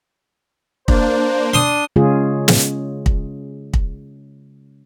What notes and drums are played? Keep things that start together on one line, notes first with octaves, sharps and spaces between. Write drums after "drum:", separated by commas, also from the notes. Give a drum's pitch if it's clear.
A#3 D4 C5, drum: kick
D4 C6 D#6
C#3 G#3 C#4 F4 G#4
drum: snare
drum: kick
drum: kick